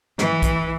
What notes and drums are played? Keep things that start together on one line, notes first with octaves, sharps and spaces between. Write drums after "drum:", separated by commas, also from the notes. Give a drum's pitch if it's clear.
E3, drum: snare
drum: kick, hi-hat